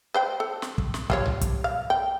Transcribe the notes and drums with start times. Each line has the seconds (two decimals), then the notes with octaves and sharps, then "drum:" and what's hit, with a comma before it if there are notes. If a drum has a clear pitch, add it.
0.14 B4 C5 G5
0.40 A4
0.62 drum: snare
0.78 drum: kick
0.94 drum: snare
1.10 G3 F4 C#5, drum: kick
1.26 drum: tom B1
1.41 drum: kick, hi-hat
1.64 F5
1.90 G5